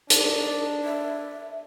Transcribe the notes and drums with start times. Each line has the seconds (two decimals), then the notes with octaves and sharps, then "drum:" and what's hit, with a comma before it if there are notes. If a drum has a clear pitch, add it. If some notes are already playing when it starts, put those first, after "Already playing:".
0.10 D4 D#4, drum: hi-hat
0.84 E5